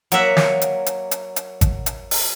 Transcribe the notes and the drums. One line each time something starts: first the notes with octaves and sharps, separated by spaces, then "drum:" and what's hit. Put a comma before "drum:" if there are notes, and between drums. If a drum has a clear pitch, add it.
F#3 A#3 E5 F#5, drum: hi-hat
drum: snare
drum: hi-hat
drum: hi-hat
drum: hi-hat
drum: hi-hat
drum: kick G#1, hi-hat
drum: hi-hat
drum: open hi-hat